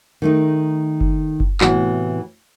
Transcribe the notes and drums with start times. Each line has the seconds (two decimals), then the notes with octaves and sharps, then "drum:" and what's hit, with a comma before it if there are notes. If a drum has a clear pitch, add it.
0.22 D#3 A3 D#4
1.01 drum: kick F#1
1.40 drum: kick F#1
1.61 A2 C3 E3 B3 F#4, drum: clap